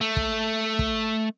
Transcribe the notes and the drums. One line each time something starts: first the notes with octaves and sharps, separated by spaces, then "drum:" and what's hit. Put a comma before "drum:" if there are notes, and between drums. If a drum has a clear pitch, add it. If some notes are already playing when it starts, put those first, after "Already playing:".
A3
drum: kick
drum: kick